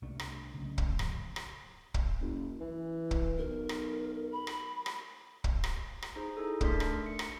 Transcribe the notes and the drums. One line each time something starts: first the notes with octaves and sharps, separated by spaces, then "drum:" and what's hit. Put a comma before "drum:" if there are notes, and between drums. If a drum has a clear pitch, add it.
C2 C3 A3 D4
drum: rim click
C#3 F#3 A3
drum: kick
F2 A2, drum: rim click
drum: rim click
drum: kick
F#1
E3
drum: kick
B1 A#4
drum: rim click
B5
drum: rim click
drum: rim click
drum: kick
drum: rim click
drum: rim click
D#4 G#4 C5
D#4 E4 G#4 A4
A3 D4 A#4 D5 C6 B6, drum: kick
drum: rim click
C#7
drum: rim click